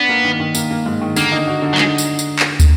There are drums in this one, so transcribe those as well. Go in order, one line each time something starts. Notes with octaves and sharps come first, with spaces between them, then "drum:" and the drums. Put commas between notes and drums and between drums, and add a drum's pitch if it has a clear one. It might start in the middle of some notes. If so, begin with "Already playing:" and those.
Already playing: B3 D4
A#3
D#3
D#3
A#3, drum: tambourine
A#3
G#2
D#3
D3 A#3, drum: tambourine
D#4
F#4
D3
F#3
G#3 D#4, drum: clap
drum: tambourine
drum: tambourine
drum: clap
drum: kick, tambourine